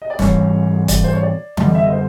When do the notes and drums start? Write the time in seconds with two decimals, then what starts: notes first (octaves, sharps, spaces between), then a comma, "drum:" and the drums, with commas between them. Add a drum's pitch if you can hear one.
0.02 D#5
0.10 D5
0.19 G#2 E3 G3 C4 C#5, drum: snare
0.88 D5, drum: kick, hi-hat
1.04 C5
1.13 C#5
1.23 D5
1.57 F#2 D3 G3 D5, drum: tom E3
1.66 D#5
1.75 E5
1.84 D#5
1.92 C5